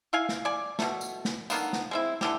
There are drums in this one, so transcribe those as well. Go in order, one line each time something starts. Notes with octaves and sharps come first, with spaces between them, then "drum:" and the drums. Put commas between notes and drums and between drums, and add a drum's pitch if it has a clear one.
E4 F5 G#5
drum: snare
D5 G#5
B2 A3, drum: snare
drum: tambourine
drum: snare
D3 D#3 A#3 B3, drum: tambourine
drum: snare
G#3 C4 E4
D3 E3 G4, drum: snare